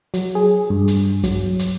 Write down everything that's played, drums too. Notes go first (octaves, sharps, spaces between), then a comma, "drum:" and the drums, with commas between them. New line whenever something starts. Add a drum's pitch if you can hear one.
F#3, drum: hi-hat
G#4
G2
drum: hi-hat
F#3, drum: kick, hi-hat
drum: hi-hat